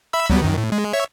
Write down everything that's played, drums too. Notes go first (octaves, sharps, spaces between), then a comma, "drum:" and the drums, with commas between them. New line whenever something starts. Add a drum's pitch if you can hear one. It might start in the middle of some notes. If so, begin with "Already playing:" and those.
E5 B5 E6
F#3 G3 B3, drum: kick C#2
F#2 D#3
A2
G#3
C#5 E5